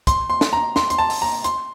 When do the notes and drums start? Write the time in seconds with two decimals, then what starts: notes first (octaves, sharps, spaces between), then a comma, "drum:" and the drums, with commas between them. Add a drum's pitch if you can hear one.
0.07 C6, drum: kick, hi-hat
0.30 C6
0.41 drum: snare
0.53 A#5
0.76 C6, drum: snare
0.90 C6, drum: hi-hat
0.98 A5
1.10 drum: open hi-hat
1.22 A#5
1.44 C6, drum: hi-hat